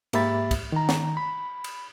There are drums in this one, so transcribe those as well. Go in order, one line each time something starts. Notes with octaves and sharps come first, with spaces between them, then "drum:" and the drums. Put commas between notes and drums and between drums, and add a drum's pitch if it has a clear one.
G#2 A#3 G4 E5 B5 A6, drum: cymbal
drum: kick, cymbal
D#3 A#5
drum: snare
B5
drum: cymbal